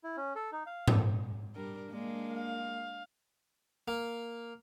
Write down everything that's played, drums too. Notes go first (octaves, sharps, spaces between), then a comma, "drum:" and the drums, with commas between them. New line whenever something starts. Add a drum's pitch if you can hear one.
E4
C#4
A4
D#4
F5
A4, drum: tom G#2
G3 D4 A#4
G#3 A#3 D4
F5
A#3